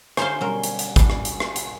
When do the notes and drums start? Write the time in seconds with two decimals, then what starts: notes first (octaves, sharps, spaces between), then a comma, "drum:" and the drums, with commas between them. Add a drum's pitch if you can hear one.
0.17 D3 D#4 C5 C#5 F5 G#5 G7, drum: rim click
0.41 B2 F#3 G3 C#4 A#4
0.64 drum: hi-hat
0.79 drum: hi-hat
0.96 D4 F#4 B4, drum: kick, hi-hat
1.10 drum: rim click
1.25 drum: hi-hat
1.40 drum: rim click
1.56 drum: hi-hat